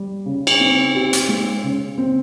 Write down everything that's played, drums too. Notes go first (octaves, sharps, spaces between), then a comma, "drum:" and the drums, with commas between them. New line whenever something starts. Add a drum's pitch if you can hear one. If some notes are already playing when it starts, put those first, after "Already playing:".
Already playing: G3
C#3
drum: cymbal
C4
G4
drum: hi-hat
G#3
C#3
C4